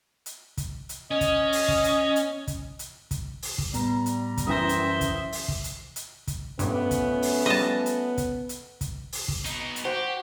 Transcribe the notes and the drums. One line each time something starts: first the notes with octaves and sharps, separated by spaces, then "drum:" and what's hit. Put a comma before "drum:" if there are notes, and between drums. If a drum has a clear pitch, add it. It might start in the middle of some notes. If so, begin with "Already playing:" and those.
drum: hi-hat
drum: kick, hi-hat
drum: hi-hat
C#4 D#5
drum: kick, hi-hat
drum: open hi-hat
drum: kick
drum: hi-hat
drum: hi-hat
drum: kick, hi-hat
drum: hi-hat
drum: kick, hi-hat
drum: open hi-hat
drum: kick
A2 G3 B3 A#5, drum: hi-hat
drum: hi-hat
drum: kick, hi-hat
F#2 E3 C5 E5 G5 D#6 A#6
drum: hi-hat
drum: kick, hi-hat
drum: open hi-hat
drum: kick
drum: hi-hat
drum: hi-hat
drum: kick, hi-hat
G2 A#2 F3 A3 B3 C#4, drum: hi-hat
drum: kick, hi-hat
drum: open hi-hat
G3 D#5 A5
drum: hi-hat
drum: kick, hi-hat
drum: hi-hat
drum: kick, hi-hat
drum: open hi-hat
drum: kick
B2 D#4, drum: hi-hat
drum: hi-hat
F#4 G4 C5 G5